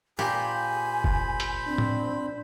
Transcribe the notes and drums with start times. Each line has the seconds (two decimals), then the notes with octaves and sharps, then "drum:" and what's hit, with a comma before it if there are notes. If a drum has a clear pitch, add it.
0.19 A#2 G4 C5 G#5 B5
1.04 drum: kick F#1
1.40 drum: hi-hat
1.67 C4 D4
1.78 drum: tom